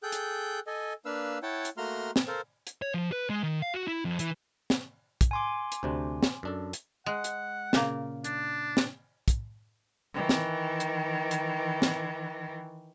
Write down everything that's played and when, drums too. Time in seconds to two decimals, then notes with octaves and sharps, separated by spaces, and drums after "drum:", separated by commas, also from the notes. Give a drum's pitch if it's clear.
0.03 G#4 A4 G5 F#6 G6
0.12 drum: hi-hat
0.67 A4 D#5 G#5
1.05 A#3 D4 B4 F5 E6
1.43 E4 C#5 F#5 G5 A5
1.65 drum: hi-hat
1.77 A3 A#3 F#4 A#5 C6 F6
2.16 drum: snare
2.28 A4 A#4 C5 F5
2.67 drum: hi-hat
2.82 C#5
2.94 F3
3.12 B4
3.30 G#3
3.43 D#3
3.62 F5
3.74 F#4
3.88 E4
4.05 F2
4.19 E3, drum: hi-hat
4.70 drum: snare
5.21 drum: kick, hi-hat
5.31 G#5 C6 D6
5.72 drum: hi-hat
5.83 D2 C3 D4
6.23 drum: snare
6.43 F#2 D4 A4
6.73 drum: hi-hat
7.06 G#3 F#5
7.24 drum: hi-hat
7.73 A#2 C#3 A#3, drum: snare
8.24 D4, drum: hi-hat
8.77 drum: snare
9.28 drum: kick, hi-hat
10.13 D#3 E3
10.29 drum: snare
10.80 drum: hi-hat
11.31 drum: hi-hat
11.82 drum: snare